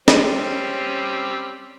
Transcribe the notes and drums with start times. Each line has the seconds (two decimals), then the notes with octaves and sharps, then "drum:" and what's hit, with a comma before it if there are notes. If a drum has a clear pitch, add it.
0.08 G3 C4 C#4, drum: snare